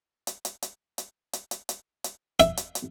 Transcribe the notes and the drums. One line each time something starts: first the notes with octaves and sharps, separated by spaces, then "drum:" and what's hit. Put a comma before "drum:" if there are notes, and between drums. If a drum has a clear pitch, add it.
drum: hi-hat
drum: hi-hat
drum: hi-hat
drum: hi-hat
drum: hi-hat
drum: hi-hat
drum: hi-hat
drum: hi-hat
E5, drum: hi-hat
drum: hi-hat
drum: hi-hat